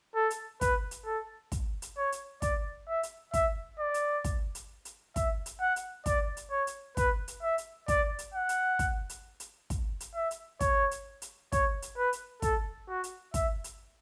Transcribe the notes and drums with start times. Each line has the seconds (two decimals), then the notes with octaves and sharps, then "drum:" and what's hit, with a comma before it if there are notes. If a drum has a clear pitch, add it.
0.15 A4
0.30 drum: hi-hat
0.61 B4, drum: kick, hi-hat
0.91 drum: hi-hat
1.06 A4
1.52 drum: kick, hi-hat
1.82 drum: hi-hat
1.98 C#5
2.12 drum: hi-hat
2.42 D5, drum: kick, hi-hat
2.88 E5
3.03 drum: hi-hat
3.34 E5, drum: kick, hi-hat
3.79 D5
3.94 drum: hi-hat
4.24 drum: kick, hi-hat
4.55 drum: hi-hat
4.85 drum: hi-hat
5.16 E5, drum: kick, hi-hat
5.46 drum: hi-hat
5.61 F#5
5.76 drum: hi-hat
6.06 D5, drum: kick, hi-hat
6.37 drum: hi-hat
6.51 C#5
6.67 drum: hi-hat
6.97 B4, drum: kick, hi-hat
7.28 drum: hi-hat
7.43 E5
7.58 drum: hi-hat
7.88 D5, drum: kick, hi-hat
8.19 drum: hi-hat
8.34 F#5
8.49 drum: hi-hat
8.79 drum: kick, hi-hat
9.09 drum: hi-hat
9.40 drum: hi-hat
9.70 drum: kick, hi-hat
10.00 drum: hi-hat
10.15 E5
10.31 drum: hi-hat
10.61 C#5, drum: kick, hi-hat
10.91 drum: hi-hat
11.22 drum: hi-hat
11.52 C#5, drum: kick, hi-hat
11.82 drum: hi-hat
11.97 B4
12.13 drum: hi-hat
12.42 A4, drum: kick, hi-hat
12.88 F#4
13.04 drum: hi-hat
13.34 E5, drum: kick, hi-hat
13.64 drum: hi-hat